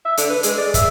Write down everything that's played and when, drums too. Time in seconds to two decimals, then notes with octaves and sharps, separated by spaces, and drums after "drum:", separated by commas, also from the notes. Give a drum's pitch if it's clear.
0.05 E5
0.17 D3, drum: hi-hat
0.29 B4
0.43 G#3, drum: hi-hat
0.58 D5
0.74 E5, drum: kick, hi-hat